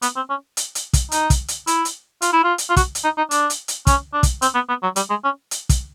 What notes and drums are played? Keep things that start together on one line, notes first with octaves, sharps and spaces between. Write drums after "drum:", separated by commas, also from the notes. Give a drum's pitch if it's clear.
B3, drum: hi-hat
C4
C#4
drum: hi-hat
drum: hi-hat
drum: kick, hi-hat
D#4, drum: hi-hat
drum: kick, hi-hat
drum: hi-hat
E4, drum: hi-hat
drum: hi-hat
F4, drum: hi-hat
E4
F4
drum: hi-hat
F4
F#4, drum: kick, hi-hat
drum: hi-hat
D#4
D#4
D4, drum: hi-hat
drum: hi-hat
drum: hi-hat
C#4, drum: kick, hi-hat
D4
drum: kick, hi-hat
C4, drum: hi-hat
B3
B3
F#3
G3, drum: hi-hat
G#3
C#4
drum: hi-hat
drum: kick, hi-hat